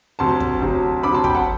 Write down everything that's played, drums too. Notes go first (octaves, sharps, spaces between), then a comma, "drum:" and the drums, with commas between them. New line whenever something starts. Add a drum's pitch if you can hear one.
D2 C3 F#3 A5 C6
drum: kick
D2 C3 F#3
D2 C3 F#3 B5 D6
A5 C6
G5 B5, drum: kick
F#5 A5